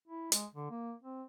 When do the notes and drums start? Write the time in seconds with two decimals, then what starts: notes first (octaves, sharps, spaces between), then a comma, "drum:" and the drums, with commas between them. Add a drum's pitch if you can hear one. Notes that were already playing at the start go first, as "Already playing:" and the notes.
0.08 E4
0.32 G#3, drum: hi-hat
0.54 D3
0.71 A#3
1.03 C4